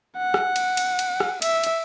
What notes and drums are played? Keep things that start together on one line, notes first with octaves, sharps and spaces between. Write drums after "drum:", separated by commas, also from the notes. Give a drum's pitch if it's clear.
F#5
drum: rim click
drum: cymbal
drum: cymbal
drum: cymbal
drum: rim click
E5, drum: cymbal
drum: cymbal